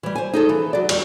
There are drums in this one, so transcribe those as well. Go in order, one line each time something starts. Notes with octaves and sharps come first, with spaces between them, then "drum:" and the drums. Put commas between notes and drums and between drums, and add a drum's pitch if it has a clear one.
E3 G3
C5 G#5
D#4 G#4 A4
E3
F#3 D5
E2 G3, drum: cymbal